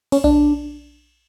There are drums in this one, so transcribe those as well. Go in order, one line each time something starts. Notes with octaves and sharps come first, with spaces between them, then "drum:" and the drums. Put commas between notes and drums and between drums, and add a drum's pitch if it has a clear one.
C#4, drum: cymbal
D4, drum: kick B1